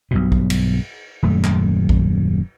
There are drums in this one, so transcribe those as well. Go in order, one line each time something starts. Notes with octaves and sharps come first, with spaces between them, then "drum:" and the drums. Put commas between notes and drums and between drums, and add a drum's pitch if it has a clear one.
B1 G2 B2
drum: kick A#1
drum: cymbal
D#1 F#2 A3
drum: clap
drum: kick A#1